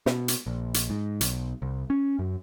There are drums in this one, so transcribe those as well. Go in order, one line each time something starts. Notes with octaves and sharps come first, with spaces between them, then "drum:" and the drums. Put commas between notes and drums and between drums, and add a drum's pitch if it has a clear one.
B2, drum: snare
drum: hi-hat
A#1
drum: hi-hat
G#2
B1, drum: hi-hat
C2
C#4
F#2